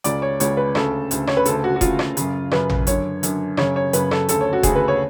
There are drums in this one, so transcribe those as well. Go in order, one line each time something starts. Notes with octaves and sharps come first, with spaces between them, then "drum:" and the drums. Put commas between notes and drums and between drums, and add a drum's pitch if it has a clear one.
C#2 C#3 D5, drum: hi-hat
C#5
C#2 C#3 C#5, drum: hi-hat
B4
D2 C#3 A4, drum: rim click
D2 C#3, drum: hi-hat
C#5, drum: rim click
B4
D2 C#3 A4, drum: hi-hat
F#4
F#4
D2 C#3 F4, drum: kick F1, hi-hat
drum: rim click
F#2 C#3, drum: hi-hat
F#2 C#3 B4, drum: rim click
drum: tom
F#2 D3 C#5, drum: hi-hat
F#2 D3, drum: hi-hat
F#2 C#3 C#5, drum: rim click
C#5
F#2 C#3 B4, drum: hi-hat
A4, drum: rim click
D2 C#3 A4, drum: hi-hat
C#5
F#4
D2 C#3 G#4, drum: kick F1, hi-hat
B4
C#5